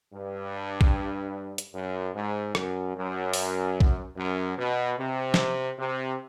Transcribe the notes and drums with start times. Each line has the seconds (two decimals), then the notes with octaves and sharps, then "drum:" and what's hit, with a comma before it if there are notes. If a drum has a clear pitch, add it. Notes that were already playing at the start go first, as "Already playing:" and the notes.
0.13 G2
0.81 drum: kick A#1
1.58 drum: hi-hat
1.74 F#2
2.15 G#2
2.55 F#2, drum: rim click
2.96 F#2
3.34 drum: open hi-hat
3.81 drum: kick A#1
4.17 F#2
4.57 B2
4.98 C3
5.34 drum: snare
5.78 C3